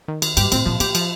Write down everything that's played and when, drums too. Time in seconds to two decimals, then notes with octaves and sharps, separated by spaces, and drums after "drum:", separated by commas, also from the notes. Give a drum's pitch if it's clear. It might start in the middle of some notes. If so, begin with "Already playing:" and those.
0.08 D#3
0.22 D#3, drum: cymbal
0.37 G2 G4, drum: cymbal
0.52 A2 C4, drum: cymbal
0.66 A#2 F3
0.80 A2 G4, drum: cymbal
0.95 F3, drum: cymbal